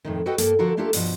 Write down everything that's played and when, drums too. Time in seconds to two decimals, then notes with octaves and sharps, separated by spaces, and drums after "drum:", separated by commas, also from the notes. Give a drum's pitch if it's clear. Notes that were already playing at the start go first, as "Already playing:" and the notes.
0.05 F2 A2 D#3
0.26 F#4 A4 B4 D#5 F#5 G5
0.38 G2 A#3 A4, drum: hi-hat
0.59 D3 F3 F#4 A4 A#4
0.77 A3 A#3 D4 F4 G4 A4
0.93 G2 B2 F3, drum: open hi-hat